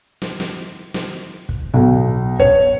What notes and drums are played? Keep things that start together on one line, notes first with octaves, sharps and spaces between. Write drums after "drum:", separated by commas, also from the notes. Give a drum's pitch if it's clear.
drum: snare
drum: snare
drum: snare
drum: kick
B1
C#5, drum: kick